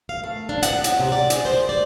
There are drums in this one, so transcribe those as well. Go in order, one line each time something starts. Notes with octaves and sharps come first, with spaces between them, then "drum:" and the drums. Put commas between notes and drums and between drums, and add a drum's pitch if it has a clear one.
F5
A3
D4
F#5, drum: hi-hat
C#4, drum: hi-hat
C3
D5
G#4, drum: hi-hat
C5
D5